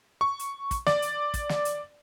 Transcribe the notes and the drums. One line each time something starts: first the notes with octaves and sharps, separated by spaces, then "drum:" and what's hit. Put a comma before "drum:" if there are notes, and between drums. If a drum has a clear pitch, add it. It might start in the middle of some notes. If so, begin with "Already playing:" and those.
C#6
drum: hi-hat
drum: kick, hi-hat
D5, drum: snare
drum: hi-hat
drum: kick, hi-hat
drum: snare
drum: hi-hat